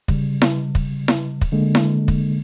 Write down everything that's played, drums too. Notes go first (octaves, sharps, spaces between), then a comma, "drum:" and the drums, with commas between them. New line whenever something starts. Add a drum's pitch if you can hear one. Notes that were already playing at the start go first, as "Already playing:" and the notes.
C#3 G3, drum: kick
drum: snare E4
drum: kick
drum: snare E4
drum: kick
D3 G#3 A#3
drum: snare E4
drum: kick